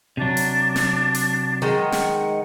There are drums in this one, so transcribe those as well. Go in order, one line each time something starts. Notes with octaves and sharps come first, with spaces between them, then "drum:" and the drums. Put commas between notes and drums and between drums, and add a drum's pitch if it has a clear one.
C3 F#3 D4
drum: hi-hat
drum: snare
drum: hi-hat
D#3 G#3 D#4 F#5
drum: snare